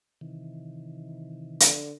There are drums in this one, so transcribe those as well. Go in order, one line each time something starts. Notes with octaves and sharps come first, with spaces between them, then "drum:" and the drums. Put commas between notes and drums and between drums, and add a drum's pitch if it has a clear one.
C3 D#3 E3
D3, drum: hi-hat